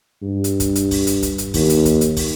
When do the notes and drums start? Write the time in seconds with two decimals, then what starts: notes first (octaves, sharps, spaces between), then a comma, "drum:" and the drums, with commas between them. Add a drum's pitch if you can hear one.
0.23 G2
0.44 drum: hi-hat
0.60 drum: kick, hi-hat
0.75 drum: hi-hat
0.91 drum: kick, open hi-hat
1.07 drum: hi-hat
1.23 drum: kick, hi-hat
1.38 drum: hi-hat
1.54 D#2, drum: kick, open hi-hat
1.70 drum: hi-hat
1.85 drum: kick, hi-hat
2.01 drum: hi-hat
2.17 drum: kick, open hi-hat